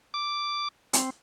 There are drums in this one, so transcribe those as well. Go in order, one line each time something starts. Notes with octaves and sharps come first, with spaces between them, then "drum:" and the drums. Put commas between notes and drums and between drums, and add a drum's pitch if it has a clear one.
D6
C4, drum: hi-hat